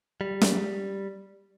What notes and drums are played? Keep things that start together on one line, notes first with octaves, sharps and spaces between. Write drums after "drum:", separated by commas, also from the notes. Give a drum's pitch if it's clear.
G3
drum: snare